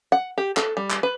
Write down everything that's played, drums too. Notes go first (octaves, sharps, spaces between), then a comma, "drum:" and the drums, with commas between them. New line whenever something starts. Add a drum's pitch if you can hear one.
F#5
G4
A4, drum: clap
G3
drum: clap
B4